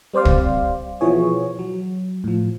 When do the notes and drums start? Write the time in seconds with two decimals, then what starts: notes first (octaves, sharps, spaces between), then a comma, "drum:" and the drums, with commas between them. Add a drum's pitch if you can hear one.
0.14 G3 C4 C5 D5 F5
0.25 drum: kick
1.01 B2 E3 F3 B3 G#4 C#5
1.59 F#3
2.24 A2 F3